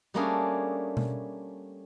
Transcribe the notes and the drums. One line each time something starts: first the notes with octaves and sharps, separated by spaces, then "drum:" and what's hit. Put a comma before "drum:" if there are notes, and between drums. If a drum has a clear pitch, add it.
G3 A3 A#3 C#4 D4 G#4
drum: tom B2